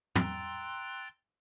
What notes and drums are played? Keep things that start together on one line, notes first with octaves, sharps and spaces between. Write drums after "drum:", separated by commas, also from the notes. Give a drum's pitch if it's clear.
G5 A#5 C6 E6 F#6 A6, drum: tom